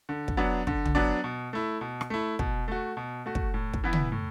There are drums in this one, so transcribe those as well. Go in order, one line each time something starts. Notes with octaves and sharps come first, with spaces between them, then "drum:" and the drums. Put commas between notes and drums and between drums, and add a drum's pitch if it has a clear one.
D3
drum: kick
F#3 B3 D4
D3, drum: kick
drum: tom
F#3 B3 D4
B2
A3 E4
B2
drum: rim click
A3 E4
B2, drum: kick
A3 F#4
B2
A3 F#4
drum: kick
A2
drum: kick
E3 B3 E4
drum: tom
A2